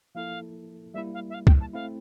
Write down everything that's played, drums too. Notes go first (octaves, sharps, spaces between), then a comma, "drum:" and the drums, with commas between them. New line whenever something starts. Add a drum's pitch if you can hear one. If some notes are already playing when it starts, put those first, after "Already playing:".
F3 A#3 E4 A4 F5
G3 A#3 E4 E5
F5
E5
F5
G5, drum: kick
A5
A3 C4 E4 F5